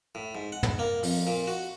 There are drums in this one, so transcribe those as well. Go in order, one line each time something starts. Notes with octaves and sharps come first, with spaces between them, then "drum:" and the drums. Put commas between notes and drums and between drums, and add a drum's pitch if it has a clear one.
A2
G#2
F#5
drum: tom
A#3
F2, drum: open hi-hat
A#2
F#4